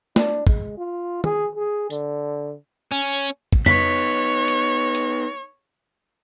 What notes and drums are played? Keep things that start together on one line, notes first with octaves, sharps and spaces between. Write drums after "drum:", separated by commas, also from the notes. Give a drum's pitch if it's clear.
D4, drum: snare
G#3, drum: kick
F4
G#4, drum: tom
G#4
D3, drum: tambourine
C#4
drum: kick
B3 D#4 C#5 B6, drum: tom F2
drum: hi-hat
drum: hi-hat